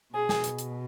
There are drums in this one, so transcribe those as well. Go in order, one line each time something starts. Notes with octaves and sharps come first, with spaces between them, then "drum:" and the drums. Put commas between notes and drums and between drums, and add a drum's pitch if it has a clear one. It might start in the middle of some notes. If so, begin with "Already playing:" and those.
B2 G#4
drum: snare
drum: hi-hat
drum: hi-hat